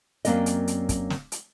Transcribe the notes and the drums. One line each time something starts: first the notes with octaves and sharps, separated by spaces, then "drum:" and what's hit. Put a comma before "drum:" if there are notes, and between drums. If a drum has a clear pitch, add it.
F#2 E3 A#3 C4 D5 D#5, drum: hi-hat
drum: hi-hat
drum: hi-hat
drum: kick, hi-hat
drum: snare
drum: hi-hat